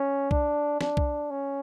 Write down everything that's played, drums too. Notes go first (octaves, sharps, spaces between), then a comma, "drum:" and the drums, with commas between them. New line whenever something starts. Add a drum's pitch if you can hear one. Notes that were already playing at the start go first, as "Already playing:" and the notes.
Already playing: C#4
D4, drum: kick B1
D4, drum: snare
drum: kick B1
C#4